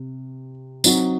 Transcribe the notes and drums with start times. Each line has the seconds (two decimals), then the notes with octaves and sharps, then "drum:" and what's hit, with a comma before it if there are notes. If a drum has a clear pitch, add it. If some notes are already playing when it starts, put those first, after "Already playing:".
Already playing: C3
0.84 F#3 C4 D#4 F#4, drum: tambourine